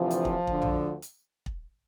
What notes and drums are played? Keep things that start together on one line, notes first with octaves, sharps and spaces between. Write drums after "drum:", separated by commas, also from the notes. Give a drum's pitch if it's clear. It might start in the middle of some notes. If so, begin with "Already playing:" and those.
Already playing: D2 C3 E3 F3
drum: hi-hat
drum: kick
D2 D3, drum: kick
drum: tom A#1
drum: hi-hat
drum: kick